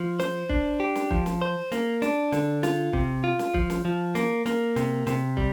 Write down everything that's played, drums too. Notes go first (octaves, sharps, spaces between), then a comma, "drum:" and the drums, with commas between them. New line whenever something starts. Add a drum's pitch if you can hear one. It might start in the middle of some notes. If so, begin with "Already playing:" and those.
Already playing: F3
C5, drum: snare
D4, drum: kick
G4
drum: snare
F3, drum: kick
drum: snare
C5
A#3, drum: snare
D4, drum: snare
D3, drum: snare
F4, drum: snare
C3, drum: kick
F4
drum: snare
F3, drum: kick
drum: snare
F3
A#3, drum: snare
A#3, drum: snare
C3, drum: snare
C3, drum: snare
G3, drum: kick